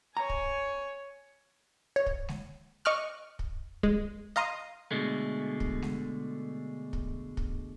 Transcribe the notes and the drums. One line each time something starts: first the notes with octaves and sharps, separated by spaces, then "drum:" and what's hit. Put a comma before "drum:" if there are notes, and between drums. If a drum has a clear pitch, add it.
C#5 G#5 A#5
drum: kick
C#5
drum: kick
drum: snare G#3
D#5 C#6 D6 F6 F#6
drum: kick
G#3, drum: kick
D#5 F5 A#5 C6 D#6
B2 D3 G#3 A3
drum: kick
drum: snare G#3
drum: kick
drum: kick